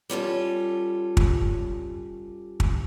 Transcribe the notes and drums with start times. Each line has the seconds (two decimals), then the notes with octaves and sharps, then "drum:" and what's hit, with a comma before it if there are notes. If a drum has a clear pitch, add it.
0.10 G3 C#4 F4 A4
1.17 drum: kick
2.60 drum: kick